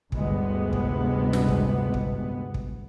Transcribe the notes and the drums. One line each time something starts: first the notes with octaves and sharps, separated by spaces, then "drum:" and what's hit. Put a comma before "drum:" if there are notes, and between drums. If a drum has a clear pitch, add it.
G1 D2 A2 C3 G#3 B3, drum: kick
drum: kick
drum: snare
drum: kick
drum: kick
drum: kick